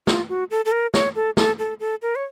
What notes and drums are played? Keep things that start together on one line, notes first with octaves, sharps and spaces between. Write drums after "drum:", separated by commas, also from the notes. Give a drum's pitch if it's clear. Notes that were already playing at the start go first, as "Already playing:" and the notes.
F4, drum: snare
F#4
A4
A4
A#4
C#5, drum: snare
A4
A4, drum: snare
A4
A4
A#4
C#5